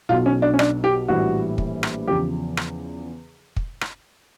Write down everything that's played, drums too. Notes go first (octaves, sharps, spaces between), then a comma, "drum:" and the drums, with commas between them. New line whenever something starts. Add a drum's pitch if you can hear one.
B1 B2 F#3 F4
C#4
D4
C#4
D4, drum: rim click
G4
A#1 A2 E3 G3 F#4
drum: kick
drum: rim click
E2 C#3 F3 G4
drum: rim click
drum: kick
drum: rim click